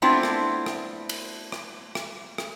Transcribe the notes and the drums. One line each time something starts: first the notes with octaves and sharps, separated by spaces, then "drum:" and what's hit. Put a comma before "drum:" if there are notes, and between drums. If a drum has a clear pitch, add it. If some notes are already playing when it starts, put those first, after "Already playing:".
A3 B3 C4 D4 E4 F4
drum: rim click
drum: rim click
drum: cymbal
drum: rim click
drum: rim click
drum: rim click